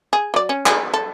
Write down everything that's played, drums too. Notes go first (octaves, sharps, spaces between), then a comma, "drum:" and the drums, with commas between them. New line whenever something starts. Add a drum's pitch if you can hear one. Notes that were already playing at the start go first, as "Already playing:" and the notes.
G#4
F#3 D5
C#4
G#4, drum: clap
A4